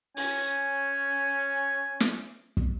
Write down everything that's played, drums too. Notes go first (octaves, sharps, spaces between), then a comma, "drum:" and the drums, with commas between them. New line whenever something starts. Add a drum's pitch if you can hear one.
C#4 G#5, drum: open hi-hat
drum: snare
drum: kick